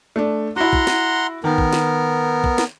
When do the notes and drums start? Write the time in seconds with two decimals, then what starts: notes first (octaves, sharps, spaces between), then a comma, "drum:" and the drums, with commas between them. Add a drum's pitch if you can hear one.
0.16 A3 D4
0.56 E4 F#4 F#5 A#5 C6
0.73 drum: kick
0.87 drum: snare
1.44 D#3 B3 A#4
1.58 drum: kick
1.73 drum: snare
2.44 drum: kick
2.58 drum: snare